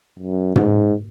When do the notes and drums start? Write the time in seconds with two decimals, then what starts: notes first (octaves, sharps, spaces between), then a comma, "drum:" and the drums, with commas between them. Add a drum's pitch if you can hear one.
0.19 F#2
0.56 G#2, drum: tom